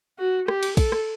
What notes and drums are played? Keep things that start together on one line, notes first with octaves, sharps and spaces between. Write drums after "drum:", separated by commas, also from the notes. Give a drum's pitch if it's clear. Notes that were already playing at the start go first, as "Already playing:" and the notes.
F#4
G4, drum: rim click
drum: cymbal
A4, drum: kick, cymbal
drum: rim click